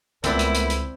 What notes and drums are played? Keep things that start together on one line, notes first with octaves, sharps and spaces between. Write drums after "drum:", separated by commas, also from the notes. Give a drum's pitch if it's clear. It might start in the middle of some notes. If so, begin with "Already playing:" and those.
C#2 A3 B3 C4 D4 E4 A#4, drum: hi-hat
drum: hi-hat
drum: hi-hat
drum: hi-hat